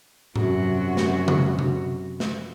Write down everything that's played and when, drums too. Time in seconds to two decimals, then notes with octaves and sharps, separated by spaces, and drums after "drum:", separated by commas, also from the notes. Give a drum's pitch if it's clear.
0.36 F#2 C3 F#4, drum: tom G#2
0.97 drum: snare
1.28 drum: tom C3
1.59 drum: tom C3
2.20 drum: snare